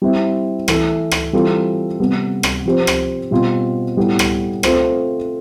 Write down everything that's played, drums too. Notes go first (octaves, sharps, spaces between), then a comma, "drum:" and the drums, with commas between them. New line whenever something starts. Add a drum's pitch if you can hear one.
G3 C4 E4
E3 A3 E4 A4, drum: rim click
drum: rim click
E3 G3 C4 F4 A4
C3 G3 B3
drum: rim click
F3 C4 G4 C5
drum: rim click
B2 G3 C4 F4
A2 G3 B3
drum: rim click
A3 C4 F4 C5, drum: rim click